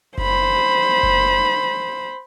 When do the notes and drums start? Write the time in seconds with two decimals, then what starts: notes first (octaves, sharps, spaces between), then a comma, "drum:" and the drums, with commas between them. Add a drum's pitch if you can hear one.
0.18 C5 B5, drum: kick F#1
1.03 drum: kick F#1